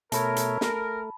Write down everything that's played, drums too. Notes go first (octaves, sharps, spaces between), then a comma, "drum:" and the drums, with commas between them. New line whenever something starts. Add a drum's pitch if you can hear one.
B2 A3 A#4 C#5 E5 A5 B5, drum: hi-hat
drum: hi-hat
A3 A#4, drum: snare